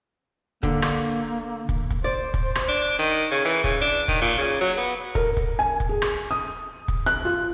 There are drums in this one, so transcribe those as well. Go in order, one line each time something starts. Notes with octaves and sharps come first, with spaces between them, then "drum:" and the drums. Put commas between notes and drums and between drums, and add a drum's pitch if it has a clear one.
D3 A#3, drum: kick
drum: rim click
drum: kick
drum: kick
C5 D5
drum: kick
drum: rim click
D4
D#3
C#3
E3
C#3, drum: kick
D4
D#3, drum: kick
A#2
C#3
F#3
B3
A#4, drum: kick
drum: kick
G#5
drum: kick
G#4
drum: rim click
D#6
drum: kick
F#6
F4